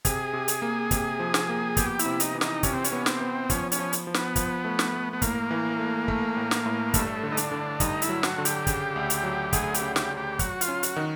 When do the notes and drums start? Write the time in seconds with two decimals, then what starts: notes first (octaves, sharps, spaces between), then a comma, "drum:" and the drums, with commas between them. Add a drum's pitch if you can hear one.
0.05 C3 G#4, drum: kick, hi-hat
0.33 C3
0.48 drum: hi-hat
0.62 A#3
0.91 C3, drum: kick, hi-hat
1.20 F3
1.34 drum: snare
1.49 A#3
1.77 B3 G4, drum: kick, hi-hat
1.99 E4, drum: hi-hat
2.06 C3
2.20 D#4, drum: hi-hat
2.35 E3
2.41 D#4, drum: snare
2.63 C3 C#4, drum: kick, hi-hat
2.73 C4
2.84 C#4, drum: hi-hat
2.92 B3
3.06 C4, drum: snare
3.21 B3
3.50 F3 C#4, drum: kick, hi-hat
3.72 C#4, drum: hi-hat
3.79 F3
3.93 drum: hi-hat
4.07 F3
4.14 B3, drum: snare
4.36 F3, drum: kick, hi-hat
4.65 A3
4.79 drum: snare
4.93 A3
5.13 B3
5.22 A2 A#3, drum: kick, hi-hat
5.51 E3
5.79 A3
6.08 A3, drum: kick
6.37 A2
6.51 drum: snare
6.66 A2
6.94 G2 A3, drum: kick, hi-hat
7.23 D3
7.32 D#4
7.37 D4, drum: hi-hat
7.52 D3
7.80 G2 D#4, drum: kick, hi-hat
8.02 E4, drum: hi-hat
8.09 F#3
8.23 F#4, drum: snare
8.38 D3
8.45 G4, drum: hi-hat
8.67 C#3, drum: kick, hi-hat
8.96 D2
9.10 drum: hi-hat
9.24 F#3
9.53 D2 G#4, drum: kick, hi-hat
9.74 G4, drum: hi-hat
9.81 C#3
9.96 G4, drum: snare
10.11 D2
10.17 G4
10.39 F#3 F#4, drum: kick, hi-hat
10.61 F4, drum: hi-hat
10.68 C#4
10.83 F#4, drum: hi-hat
10.96 D#3